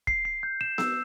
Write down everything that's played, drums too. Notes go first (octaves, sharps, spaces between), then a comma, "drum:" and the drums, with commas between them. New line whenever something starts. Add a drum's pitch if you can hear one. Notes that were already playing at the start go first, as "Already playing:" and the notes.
C7, drum: kick
C7
G6
E7
E6, drum: snare B3